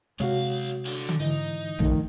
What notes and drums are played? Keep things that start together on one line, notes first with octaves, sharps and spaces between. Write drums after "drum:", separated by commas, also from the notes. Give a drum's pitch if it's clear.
B1 C3 G#3 F#4 C#5 F5
C2 D3
drum: tom D3
G#2 D3 E3 D#4
G#1 D#3 F3 A3, drum: tom